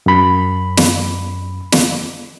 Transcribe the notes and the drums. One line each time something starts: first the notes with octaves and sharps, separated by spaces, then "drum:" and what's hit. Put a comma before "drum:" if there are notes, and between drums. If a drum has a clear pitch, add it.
F#2 B5
drum: snare
drum: snare